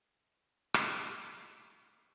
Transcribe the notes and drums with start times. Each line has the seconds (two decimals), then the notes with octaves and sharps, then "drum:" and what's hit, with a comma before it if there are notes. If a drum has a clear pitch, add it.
0.74 drum: rim click
0.85 C3 D#3 A3 B3 C#5 G#5
1.12 F4